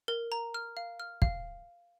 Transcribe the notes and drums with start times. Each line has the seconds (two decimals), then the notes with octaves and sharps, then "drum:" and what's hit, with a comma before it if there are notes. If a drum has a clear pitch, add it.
0.08 A#4
0.32 A#5
0.54 F6
0.77 F5
1.00 F6
1.22 F5, drum: kick